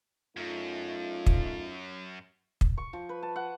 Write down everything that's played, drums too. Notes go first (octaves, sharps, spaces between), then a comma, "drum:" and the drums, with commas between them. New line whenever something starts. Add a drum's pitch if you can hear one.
F#2 A3 D#4 F4
drum: kick
drum: kick
C#6
F3
B4
A5
F#5